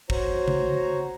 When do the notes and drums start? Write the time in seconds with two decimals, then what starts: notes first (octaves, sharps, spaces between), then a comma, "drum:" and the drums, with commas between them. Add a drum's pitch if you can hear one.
0.10 F#4 C5 C#5 A#5, drum: kick
0.48 drum: tom C#3